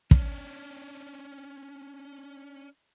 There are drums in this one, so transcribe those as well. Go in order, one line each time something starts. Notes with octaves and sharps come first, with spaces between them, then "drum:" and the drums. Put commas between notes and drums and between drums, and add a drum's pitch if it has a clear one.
C#4 D4, drum: kick